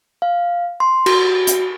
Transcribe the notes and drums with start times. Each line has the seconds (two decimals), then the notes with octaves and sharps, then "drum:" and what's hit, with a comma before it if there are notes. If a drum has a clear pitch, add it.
0.22 F5
0.80 C6
1.06 F#4, drum: cymbal
1.47 drum: hi-hat